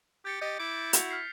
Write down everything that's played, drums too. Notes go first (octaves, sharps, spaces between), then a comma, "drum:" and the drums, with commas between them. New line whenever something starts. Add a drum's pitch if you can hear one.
G4 G6 A6 C#7
G4 D#5 G6 A6
E4 D6
F#4 F7, drum: hi-hat
F6 B6 C7